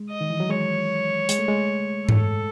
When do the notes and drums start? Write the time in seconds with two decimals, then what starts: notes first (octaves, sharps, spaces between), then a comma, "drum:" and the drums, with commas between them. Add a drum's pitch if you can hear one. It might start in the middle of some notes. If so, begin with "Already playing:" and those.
Already playing: G#3
0.10 D#5
0.21 D#3
0.30 E3
0.40 F#3
0.50 G#3 C#5
1.29 G#3, drum: hi-hat
1.39 A3
1.48 G#3
2.09 A4, drum: tom